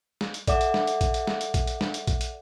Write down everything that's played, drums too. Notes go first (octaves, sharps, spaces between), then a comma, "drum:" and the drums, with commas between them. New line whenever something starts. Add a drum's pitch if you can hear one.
drum: snare
drum: hi-hat
A4 D5 E5 F#5 D6, drum: kick A#1, hi-hat
drum: hi-hat
drum: snare
drum: hi-hat
drum: kick A#1, hi-hat
drum: hi-hat
drum: snare
drum: hi-hat
drum: kick A#1, hi-hat
drum: hi-hat
drum: snare
drum: hi-hat
drum: kick A#1, hi-hat
drum: hi-hat